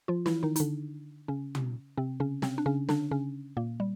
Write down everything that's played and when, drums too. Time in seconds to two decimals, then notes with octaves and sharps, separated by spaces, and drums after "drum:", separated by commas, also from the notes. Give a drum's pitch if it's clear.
0.08 F3 F4
0.26 E3 E4, drum: snare
0.43 D#3 D#4
0.56 D#4, drum: hi-hat
0.60 D3 D4
1.28 C#3 C#4
1.55 drum: tom
1.97 C3 C4
2.20 C#3 C#4
2.42 C3 C4, drum: snare
2.58 D4
2.66 C#3 C#4
2.88 D3 D4, drum: snare
3.11 C#3 C#4
3.57 A#2 A#3
3.80 G3